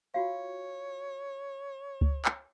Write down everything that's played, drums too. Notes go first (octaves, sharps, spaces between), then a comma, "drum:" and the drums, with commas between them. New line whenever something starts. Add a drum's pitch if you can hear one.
F4 F#4 C#5 F5
drum: kick C#2
drum: clap